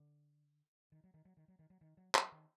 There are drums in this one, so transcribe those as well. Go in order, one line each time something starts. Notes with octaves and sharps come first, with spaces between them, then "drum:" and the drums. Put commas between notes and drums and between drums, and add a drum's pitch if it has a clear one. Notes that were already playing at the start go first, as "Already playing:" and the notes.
Already playing: D3
D#3
F#3
D#3
F#3
D#3
F#3
D#3
F#3
D#3
F#3
F#3, drum: clap
D#3